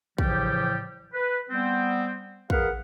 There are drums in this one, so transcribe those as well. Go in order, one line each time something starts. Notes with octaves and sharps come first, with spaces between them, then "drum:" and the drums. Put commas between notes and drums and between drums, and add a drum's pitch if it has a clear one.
A2 C#3 E3 F3 G3 G4, drum: kick
B4
G3 B3 C4
G#4 A#4 B4 F5 F#5, drum: kick